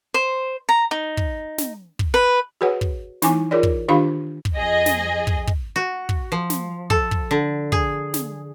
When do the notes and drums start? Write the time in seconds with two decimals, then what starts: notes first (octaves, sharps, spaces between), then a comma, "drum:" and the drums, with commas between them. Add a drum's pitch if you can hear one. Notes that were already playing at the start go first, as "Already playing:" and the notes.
0.14 C5
0.69 A#5
0.91 D#4
1.17 drum: kick
1.58 drum: snare
1.99 drum: kick
2.14 B4
2.61 F#4 G#4 B4 C#5 F#5
2.81 drum: kick
3.22 E3 D#4 E4 G#5 D6, drum: snare
3.51 F4 G#4 A#4 C#5 D5
3.63 drum: kick
3.88 D#3 D4 F4 G4 F5 B5
4.45 drum: kick
4.55 F2 G#4 D#5
4.86 drum: snare
5.27 drum: kick
5.47 drum: kick
5.76 F#4
6.09 drum: kick
6.32 F3
6.50 drum: snare
6.90 A4, drum: kick
7.11 drum: kick
7.31 D3
7.72 G#4, drum: kick
8.14 drum: snare